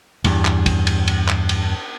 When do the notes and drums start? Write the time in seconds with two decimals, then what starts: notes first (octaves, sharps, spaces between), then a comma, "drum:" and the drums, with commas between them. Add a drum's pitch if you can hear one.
0.24 E2 G2, drum: cymbal
0.45 drum: clap
0.66 drum: kick, cymbal
0.87 drum: cymbal
1.08 drum: cymbal
1.28 drum: clap
1.49 drum: cymbal